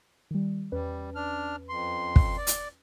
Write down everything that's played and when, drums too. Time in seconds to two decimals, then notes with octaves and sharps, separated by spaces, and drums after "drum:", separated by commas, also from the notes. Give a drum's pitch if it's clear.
0.31 D#3 G3
0.72 E2 G3 C#4 B4
1.16 D4 F6
1.69 F2 C6
2.16 drum: kick
2.37 D5
2.47 drum: hi-hat